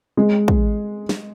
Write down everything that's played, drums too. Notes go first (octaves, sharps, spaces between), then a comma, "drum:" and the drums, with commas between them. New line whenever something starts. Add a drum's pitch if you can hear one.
G#3
drum: kick
drum: snare